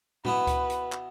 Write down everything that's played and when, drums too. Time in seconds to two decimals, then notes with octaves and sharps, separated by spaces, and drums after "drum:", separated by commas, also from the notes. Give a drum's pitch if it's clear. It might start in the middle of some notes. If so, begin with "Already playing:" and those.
0.25 B2 B3 E4 B4, drum: tom A2
0.47 drum: kick C#2, hi-hat
0.70 drum: hi-hat
0.92 drum: clap